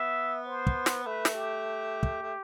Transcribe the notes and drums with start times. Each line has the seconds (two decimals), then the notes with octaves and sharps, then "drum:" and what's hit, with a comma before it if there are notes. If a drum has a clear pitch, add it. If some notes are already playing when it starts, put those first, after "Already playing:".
Already playing: B3 E5
0.47 C5
0.67 drum: kick
0.86 drum: snare
1.05 A3 B4
1.25 drum: snare
1.34 G4
2.03 drum: kick
2.22 A3